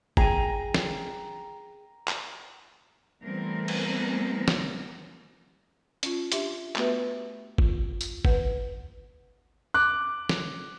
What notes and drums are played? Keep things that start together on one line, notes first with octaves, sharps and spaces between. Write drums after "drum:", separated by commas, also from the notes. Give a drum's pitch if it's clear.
G#4 G5 A#5 D#7, drum: kick G1
drum: snare
drum: clap
E3 G3 A3 B3 C4 A#4
drum: cymbal
drum: snare
C#4 F4, drum: hi-hat
D4 G4 E5 C6, drum: hi-hat
A3 B3 F#4 G4 B4 E5, drum: clap
F4, drum: kick G1
drum: tambourine
B4 F#5, drum: kick G1
D6 F#6
drum: snare